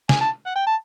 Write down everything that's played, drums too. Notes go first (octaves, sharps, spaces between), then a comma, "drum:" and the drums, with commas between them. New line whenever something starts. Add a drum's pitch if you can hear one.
G#5, drum: snare
A5
F#5
G5
A5